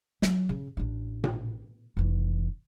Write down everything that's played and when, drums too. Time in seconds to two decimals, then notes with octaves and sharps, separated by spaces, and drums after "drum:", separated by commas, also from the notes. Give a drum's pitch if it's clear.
0.22 F#3, drum: snare
0.49 C#3
0.77 A1 D4
1.24 drum: tom A#2
1.97 F1 E3